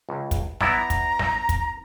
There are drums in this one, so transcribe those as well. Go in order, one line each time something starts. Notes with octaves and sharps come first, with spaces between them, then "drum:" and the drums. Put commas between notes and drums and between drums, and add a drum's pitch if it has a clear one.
C#2
drum: kick, hi-hat
B3 E4 D5 A#5, drum: snare
drum: kick, hi-hat
drum: snare
drum: kick, hi-hat